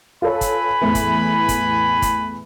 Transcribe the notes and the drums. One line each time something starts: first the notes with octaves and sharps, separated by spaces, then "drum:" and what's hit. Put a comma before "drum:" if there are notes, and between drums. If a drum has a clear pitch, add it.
F4 A4 B4 C#5 G#5 B5
drum: kick, hi-hat
E2 A2 E3
drum: kick, hi-hat
drum: kick, hi-hat
drum: kick, hi-hat